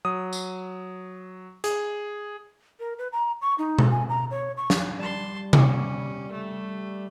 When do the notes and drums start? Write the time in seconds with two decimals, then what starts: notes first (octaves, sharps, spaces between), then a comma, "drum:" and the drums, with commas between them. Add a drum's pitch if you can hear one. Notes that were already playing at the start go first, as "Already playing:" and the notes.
0.05 F#3 D#6
0.33 drum: tambourine
1.64 G#4, drum: hi-hat
2.80 A#4
2.98 B4
3.12 A#5
3.41 C#6
3.58 D#4
3.79 drum: tom B2
3.91 G#5
4.09 A#5
4.31 C#5
4.57 C#6
4.70 drum: snare
4.99 G3 A5 C6
5.53 C#4, drum: tom C3
6.31 A3